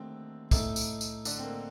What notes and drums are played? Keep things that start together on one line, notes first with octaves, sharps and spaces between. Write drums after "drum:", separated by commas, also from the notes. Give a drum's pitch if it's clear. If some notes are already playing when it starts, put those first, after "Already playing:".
Already playing: D#2 D3 A3 C4
A2 A3 D#4 A4, drum: kick, tambourine
drum: tambourine
drum: tambourine
D3 D4, drum: tambourine
C4
A#3